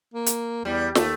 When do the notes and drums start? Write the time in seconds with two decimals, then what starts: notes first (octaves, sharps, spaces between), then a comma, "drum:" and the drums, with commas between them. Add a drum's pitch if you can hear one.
0.14 A#3
0.26 drum: hi-hat
0.65 E2 G3
0.95 D#2 A3, drum: snare